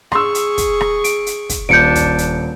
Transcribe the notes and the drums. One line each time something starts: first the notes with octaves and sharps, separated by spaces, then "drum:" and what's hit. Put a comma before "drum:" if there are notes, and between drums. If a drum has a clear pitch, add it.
G#4 C6 C#6 E6, drum: rim click
drum: hi-hat
drum: kick, hi-hat
drum: rim click
D7, drum: hi-hat
drum: hi-hat
drum: kick, hi-hat
D#1 D4 G6 C#7 D7
drum: kick, hi-hat
drum: hi-hat